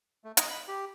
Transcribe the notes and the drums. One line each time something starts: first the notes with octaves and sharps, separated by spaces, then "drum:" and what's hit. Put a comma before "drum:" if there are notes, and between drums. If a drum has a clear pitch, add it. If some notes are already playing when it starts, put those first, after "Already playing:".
A3
D#5, drum: hi-hat
B5
G4